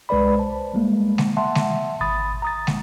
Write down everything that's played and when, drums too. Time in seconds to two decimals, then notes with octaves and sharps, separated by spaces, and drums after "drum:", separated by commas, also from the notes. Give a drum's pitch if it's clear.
0.09 C2 G#3 B4 D5 B5
0.36 C5 A5
0.74 G3 G#3 A#3
1.18 drum: snare
1.37 E5 F#5 A5 C6
1.55 drum: snare
2.01 G#1 B5 D#6 A6
2.42 A#5 D#6 A6
2.67 drum: snare